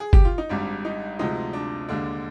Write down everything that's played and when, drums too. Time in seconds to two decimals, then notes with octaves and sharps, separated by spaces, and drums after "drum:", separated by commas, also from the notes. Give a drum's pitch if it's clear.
0.00 G#4
0.13 G4, drum: kick
0.25 F4
0.38 D#4
0.49 G#1 G#2 G3 D4
0.85 D#4
1.19 D2 C3 F3 G#3 D#4
1.53 D4
1.89 D#2 D3 G#3 D4